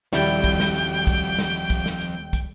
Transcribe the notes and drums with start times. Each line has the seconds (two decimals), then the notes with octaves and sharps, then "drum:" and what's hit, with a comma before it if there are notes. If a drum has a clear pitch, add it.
0.13 D#1 F2 G3 E4 F#4 G5, drum: snare
0.44 drum: kick
0.60 drum: snare
0.76 drum: hi-hat
1.07 drum: kick, hi-hat
1.39 drum: snare
1.70 drum: kick, hi-hat
1.86 drum: snare
2.02 drum: hi-hat
2.33 drum: kick, hi-hat